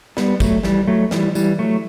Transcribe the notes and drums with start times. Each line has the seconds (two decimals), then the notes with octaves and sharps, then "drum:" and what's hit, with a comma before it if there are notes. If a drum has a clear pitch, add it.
0.17 G3 B3, drum: snare
0.40 F#3 A3, drum: kick, tambourine
0.63 E3 G3, drum: snare
0.88 F#3 A3
1.11 E3 G3, drum: snare
1.35 E3 G3, drum: tambourine
1.59 F#3 A3